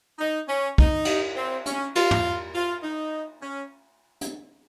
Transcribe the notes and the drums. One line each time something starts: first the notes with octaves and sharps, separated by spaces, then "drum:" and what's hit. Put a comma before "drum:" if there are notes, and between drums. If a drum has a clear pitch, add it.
D#4
C#4
D#4, drum: kick
drum: cymbal
C4
C#4, drum: hi-hat
F4, drum: cymbal
drum: tom
F4
D#4
C#4
drum: hi-hat